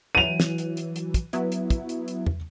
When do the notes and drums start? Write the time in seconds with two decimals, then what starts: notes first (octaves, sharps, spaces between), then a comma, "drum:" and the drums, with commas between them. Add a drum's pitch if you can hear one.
0.15 E3 F#3 D#7 F7
0.40 drum: snare
0.58 drum: hi-hat
0.77 drum: hi-hat
0.96 drum: hi-hat
1.14 drum: kick, hi-hat
1.33 F#3 B3 E4, drum: hi-hat
1.52 drum: hi-hat
1.70 drum: kick, hi-hat
1.89 drum: hi-hat
2.08 drum: hi-hat
2.26 drum: tom E2